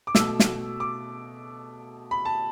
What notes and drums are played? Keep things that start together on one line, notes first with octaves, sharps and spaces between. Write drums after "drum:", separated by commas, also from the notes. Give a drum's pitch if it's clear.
D6
B2 A3 E6, drum: snare
drum: snare
D6
B5
A5